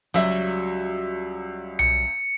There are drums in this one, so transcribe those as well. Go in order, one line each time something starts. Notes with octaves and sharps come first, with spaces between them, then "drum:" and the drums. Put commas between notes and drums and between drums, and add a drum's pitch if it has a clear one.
C#2 F#3 G3 F#4 E5
C#7, drum: tom B1